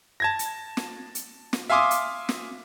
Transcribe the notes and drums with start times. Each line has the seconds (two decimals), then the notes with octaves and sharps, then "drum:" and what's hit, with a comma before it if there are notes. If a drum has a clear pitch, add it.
0.20 A5 G#6 A#6
0.39 drum: hi-hat
0.77 drum: snare
1.15 drum: hi-hat
1.53 drum: snare
1.70 E5 F5 G#5 C6 D6 D#6
1.91 drum: hi-hat
2.29 drum: snare